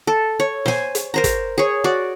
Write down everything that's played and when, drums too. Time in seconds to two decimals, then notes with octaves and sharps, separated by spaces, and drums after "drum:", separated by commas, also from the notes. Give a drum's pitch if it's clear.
0.07 A4
0.40 C#5
0.66 C5 G#5, drum: snare
0.95 drum: hi-hat
1.14 A#4 C5 A#5
1.24 drum: kick, hi-hat
1.58 G#4 C#5
1.84 F#4 D5